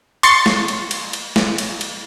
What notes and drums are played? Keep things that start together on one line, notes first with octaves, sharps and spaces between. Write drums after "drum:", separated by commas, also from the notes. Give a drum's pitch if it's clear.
C6 C#6 A6 C#7, drum: cymbal
drum: snare
drum: cymbal
drum: cymbal
drum: cymbal
drum: snare
drum: cymbal
drum: cymbal